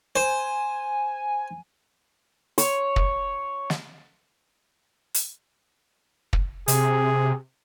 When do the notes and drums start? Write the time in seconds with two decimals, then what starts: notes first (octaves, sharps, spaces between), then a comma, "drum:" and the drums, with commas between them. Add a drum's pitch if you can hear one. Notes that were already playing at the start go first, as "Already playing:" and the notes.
0.16 C5 G#5
2.58 C#5, drum: hi-hat
2.96 drum: kick
3.70 drum: snare
5.14 drum: hi-hat
6.33 drum: kick
6.68 C3 G#4, drum: hi-hat